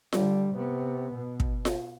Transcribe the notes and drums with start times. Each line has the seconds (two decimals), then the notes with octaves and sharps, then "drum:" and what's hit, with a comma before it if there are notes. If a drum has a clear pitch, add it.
0.12 D3 G3, drum: snare F4
0.54 C3 B3
1.14 B2
1.40 drum: kick
1.65 drum: snare F4